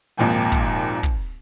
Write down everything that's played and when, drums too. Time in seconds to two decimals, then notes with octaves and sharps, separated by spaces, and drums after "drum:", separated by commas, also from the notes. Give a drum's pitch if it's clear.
0.17 G#1 D#2 A#2 F3 G5 G#5
0.52 drum: kick
1.03 drum: kick